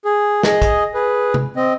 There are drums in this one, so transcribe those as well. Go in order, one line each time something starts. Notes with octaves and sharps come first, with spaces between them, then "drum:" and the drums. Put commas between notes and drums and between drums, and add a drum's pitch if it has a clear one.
G#4
G#4 D#5, drum: snare
drum: kick, hi-hat
G#4 B4
drum: tom C3
C4 D#5